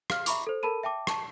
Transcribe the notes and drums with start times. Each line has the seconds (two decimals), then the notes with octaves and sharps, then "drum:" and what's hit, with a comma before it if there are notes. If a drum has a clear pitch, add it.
0.10 F5 F6, drum: rim click
0.26 E5 A#5 B5 C#6 D6, drum: hi-hat
0.47 A4 C5
0.63 A4 A#4 A5 B5 D#7
0.83 E5 G5 A5 D6
1.07 A5 C#6, drum: rim click